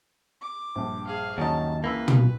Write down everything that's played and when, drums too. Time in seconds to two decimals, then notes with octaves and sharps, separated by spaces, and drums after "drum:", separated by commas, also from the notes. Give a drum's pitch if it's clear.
0.42 D6
0.75 A#1 G2
1.07 G#4 F5
1.38 D#2 F#3 C#4 D#4 A5
1.84 C#2 E3 A#3 E4 B4 E5
2.08 drum: tom